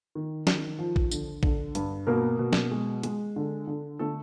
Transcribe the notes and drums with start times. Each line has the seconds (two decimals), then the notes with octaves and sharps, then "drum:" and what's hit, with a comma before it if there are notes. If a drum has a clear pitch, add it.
0.15 D#3
0.47 D#3, drum: snare
0.79 F3
0.96 drum: kick
1.11 D3, drum: tambourine
1.43 D3, drum: kick
1.75 G2, drum: hi-hat
2.07 B2 A#3 A#4
2.39 B2
2.53 drum: snare
2.71 G#3
3.03 G#3, drum: hi-hat
3.36 D3
3.67 D3
3.99 D3 A3 A4